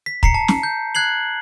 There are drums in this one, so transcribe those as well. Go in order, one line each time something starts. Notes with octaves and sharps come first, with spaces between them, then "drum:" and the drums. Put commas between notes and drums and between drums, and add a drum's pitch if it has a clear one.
B6
A#5 C7 C#7, drum: kick
A5
drum: snare
G6
F#6 G#6 C7 F#7